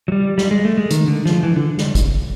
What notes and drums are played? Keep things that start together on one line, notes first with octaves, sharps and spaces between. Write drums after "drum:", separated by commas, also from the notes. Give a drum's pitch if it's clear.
F#3
G3
G3, drum: snare
G#3
A3
G#3
D#3, drum: hi-hat
D3
F3, drum: snare
E3
D3
drum: snare
drum: kick, hi-hat